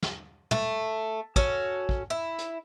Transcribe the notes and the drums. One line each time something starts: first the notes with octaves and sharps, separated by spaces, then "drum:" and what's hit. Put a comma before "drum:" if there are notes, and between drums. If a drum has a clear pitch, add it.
drum: snare
A3, drum: tom
C#4 F#4 A4, drum: kick
drum: kick
E4
drum: hi-hat